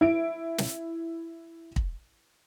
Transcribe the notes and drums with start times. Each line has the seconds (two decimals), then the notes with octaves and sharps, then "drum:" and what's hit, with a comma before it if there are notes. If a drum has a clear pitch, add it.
0.01 E4 D7
0.58 drum: snare
1.76 drum: kick